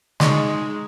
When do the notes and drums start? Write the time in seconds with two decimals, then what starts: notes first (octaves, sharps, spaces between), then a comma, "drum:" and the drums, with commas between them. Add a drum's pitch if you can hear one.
0.20 G#3 D#4 D#5 C6 C#6, drum: snare